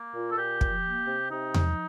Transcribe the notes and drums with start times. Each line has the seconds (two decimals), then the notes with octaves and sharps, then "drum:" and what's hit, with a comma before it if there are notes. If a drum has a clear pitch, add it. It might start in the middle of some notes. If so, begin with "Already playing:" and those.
Already playing: A#3
0.14 A#2 F4
0.31 A4
0.37 A#2 G4
0.61 F3, drum: kick
0.84 A#3
1.07 C3
1.31 C3 D#4
1.54 F3, drum: tom E2